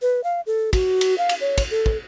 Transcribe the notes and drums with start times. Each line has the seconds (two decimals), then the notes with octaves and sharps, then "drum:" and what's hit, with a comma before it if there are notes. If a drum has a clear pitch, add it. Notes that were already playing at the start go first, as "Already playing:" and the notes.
0.02 B4
0.24 F5
0.46 A4
0.73 F#4, drum: kick, cymbal
1.01 drum: cymbal
1.18 F5
1.29 drum: cymbal
1.40 C#5
1.58 drum: kick, cymbal
1.71 A4
1.86 drum: kick